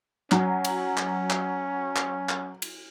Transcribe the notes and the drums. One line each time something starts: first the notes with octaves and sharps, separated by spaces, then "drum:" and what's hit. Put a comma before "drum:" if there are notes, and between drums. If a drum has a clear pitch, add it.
F#3 C#4, drum: clap
drum: cymbal
drum: clap
drum: clap
drum: clap
drum: clap
drum: cymbal